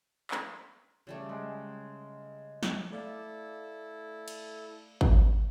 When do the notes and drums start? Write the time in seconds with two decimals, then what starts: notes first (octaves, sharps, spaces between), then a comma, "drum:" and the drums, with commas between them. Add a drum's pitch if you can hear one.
0.31 drum: clap
1.07 C#3 G3 A3
1.29 G#3
2.63 drum: snare
2.91 A3 E4 A4 D5 F5
4.28 drum: cymbal
5.01 drum: kick G#1